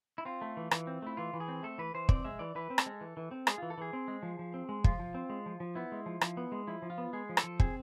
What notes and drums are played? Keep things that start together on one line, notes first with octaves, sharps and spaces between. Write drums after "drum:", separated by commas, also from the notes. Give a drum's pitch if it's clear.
E4
C4 F4
A3
E3
E3, drum: rim click
C4
A3 E4
E3 F4
E3
G#4
C4
A3 A4
E3 B4
E3 C5
C4 D5, drum: kick
G#3 E5
E3 D5
E3 B4
C4
A4, drum: rim click
G#3
E3
E3
C4
G#3 G#4, drum: rim click
E3 F4
A4
E3 G#4
C4
G#3
F3
F3
C4
G#3
F3 F4, drum: kick
F3
C4
G#3
F3
F3
B3 E4
G#3
F3
F3, drum: rim click
B3
G#3
F3 E4
F3
F4
B3
G#3 G#4
F3
A4, drum: rim click
F3
C4 G#4, drum: kick